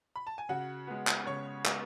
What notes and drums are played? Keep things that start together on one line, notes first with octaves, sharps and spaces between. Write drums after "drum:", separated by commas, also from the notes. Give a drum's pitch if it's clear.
B5
A5
G#5
C#3 F#4 F#5
G#3 B3
drum: clap
C#3 C#5 C#6
G#3 B3, drum: clap